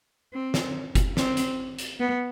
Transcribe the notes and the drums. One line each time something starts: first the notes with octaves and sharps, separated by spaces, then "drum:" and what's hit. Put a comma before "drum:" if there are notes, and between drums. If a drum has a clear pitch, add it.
C4
drum: snare
drum: kick F#1, hi-hat
C4, drum: snare
drum: hi-hat
drum: hi-hat
B3